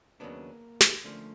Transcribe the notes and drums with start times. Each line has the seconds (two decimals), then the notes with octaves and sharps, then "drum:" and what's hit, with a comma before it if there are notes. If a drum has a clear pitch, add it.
0.20 D#2 C#3 F#3 A#3 B3 D4
0.81 drum: snare
1.04 D3 F3 A3 A#3 C#4